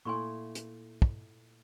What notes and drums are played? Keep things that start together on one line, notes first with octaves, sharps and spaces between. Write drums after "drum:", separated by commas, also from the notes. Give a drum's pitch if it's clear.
A#2 A3 E4 G#5 C6 C#6
drum: hi-hat
drum: kick